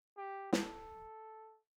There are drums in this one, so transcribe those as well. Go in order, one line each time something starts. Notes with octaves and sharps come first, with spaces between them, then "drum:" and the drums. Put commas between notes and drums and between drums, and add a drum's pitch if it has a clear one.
G4
A4, drum: snare